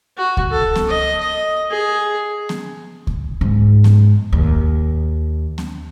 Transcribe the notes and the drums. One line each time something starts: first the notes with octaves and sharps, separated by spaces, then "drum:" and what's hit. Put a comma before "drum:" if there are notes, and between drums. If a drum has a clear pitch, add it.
F#4
drum: kick C#2
A4
drum: snare B3
D#5
D#5
G#4
drum: snare B3
drum: kick C#2
G#2
drum: snare B3
D#2
drum: snare B3